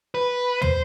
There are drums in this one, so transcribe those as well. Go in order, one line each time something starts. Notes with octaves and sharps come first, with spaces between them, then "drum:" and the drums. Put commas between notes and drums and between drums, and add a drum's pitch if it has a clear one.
B4
C5, drum: tom